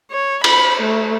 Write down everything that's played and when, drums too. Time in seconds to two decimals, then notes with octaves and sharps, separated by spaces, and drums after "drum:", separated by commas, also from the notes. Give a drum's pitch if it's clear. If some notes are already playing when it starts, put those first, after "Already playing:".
0.11 C#5
0.44 B5, drum: cymbal
0.81 A3